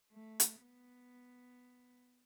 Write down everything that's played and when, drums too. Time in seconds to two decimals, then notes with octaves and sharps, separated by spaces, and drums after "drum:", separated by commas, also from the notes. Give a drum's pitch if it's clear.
0.12 A3
0.40 drum: hi-hat
0.63 B3